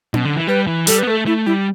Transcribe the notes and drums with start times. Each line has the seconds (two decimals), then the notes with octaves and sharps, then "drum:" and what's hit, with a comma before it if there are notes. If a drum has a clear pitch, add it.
0.14 B2, drum: tom C#4
0.25 D3
0.36 E3
0.47 G3 B4
0.67 E3
0.87 G3 A4, drum: hi-hat
0.99 B3 B4
1.07 A3 A4
1.26 A3 E4
1.46 G3 E4